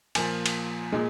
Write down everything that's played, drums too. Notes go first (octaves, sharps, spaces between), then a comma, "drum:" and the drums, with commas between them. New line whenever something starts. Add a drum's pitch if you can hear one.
A#2 F3 A#3 G#5, drum: cymbal
drum: cymbal
A#2 G#3